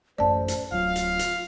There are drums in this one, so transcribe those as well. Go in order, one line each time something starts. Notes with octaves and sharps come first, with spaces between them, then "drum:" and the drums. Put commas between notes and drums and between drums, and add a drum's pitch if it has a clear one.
A1 F#2 A3 C5 D5 A5
drum: hi-hat
D1 F#3 F4 F5
drum: hi-hat
drum: hi-hat